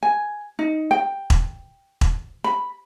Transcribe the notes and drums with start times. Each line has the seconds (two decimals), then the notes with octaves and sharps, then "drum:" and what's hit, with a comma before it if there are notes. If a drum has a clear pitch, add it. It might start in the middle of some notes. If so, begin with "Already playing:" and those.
0.03 G#5
0.59 D#4
0.91 G5
1.30 drum: kick E1
2.01 drum: kick E1
2.44 B5